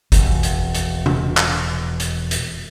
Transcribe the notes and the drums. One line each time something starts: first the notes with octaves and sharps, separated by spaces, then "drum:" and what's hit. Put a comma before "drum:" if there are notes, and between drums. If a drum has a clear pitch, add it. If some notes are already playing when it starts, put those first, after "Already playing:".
E1 F2, drum: kick G#1, hi-hat
drum: hi-hat
drum: hi-hat
drum: tom C3
drum: clap
drum: hi-hat
drum: hi-hat